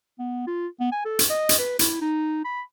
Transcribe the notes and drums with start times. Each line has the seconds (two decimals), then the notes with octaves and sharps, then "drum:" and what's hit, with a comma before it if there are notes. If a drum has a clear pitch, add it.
0.19 B3
0.47 F4
0.80 B3
0.92 G#5
1.05 A4
1.19 drum: hi-hat
1.30 D#5
1.49 drum: hi-hat
1.59 B4
1.79 E4, drum: hi-hat
2.02 D#4
2.45 B5